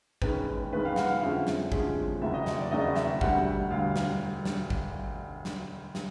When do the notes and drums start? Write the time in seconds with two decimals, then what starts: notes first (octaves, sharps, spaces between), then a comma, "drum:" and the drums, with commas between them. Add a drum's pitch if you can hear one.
0.22 E1 D#2 D#3 G#3 C#4 B4, drum: kick G#1
0.72 E1 D#2 D#3 G#3 C#4 B4
0.85 F5
0.96 F#5, drum: snare
1.10 F5
1.21 F2 D3 F3 G#3 C#4 E5
1.47 drum: snare
1.72 F2 D3 F3 G#3 C#4, drum: kick G#1
2.21 E1 D#2 C#3 F#3 E5
2.34 D#5
2.46 drum: snare
2.59 D5
2.71 E1 D#2 C#3 F#3 D#5
2.95 E5, drum: snare
3.21 E1 D2 D3 G3 F#5, drum: kick G#1
3.71 E1 D2 D3 G3 F5
3.96 drum: snare
4.45 drum: snare
4.70 drum: kick G#1
5.45 drum: snare
5.95 drum: snare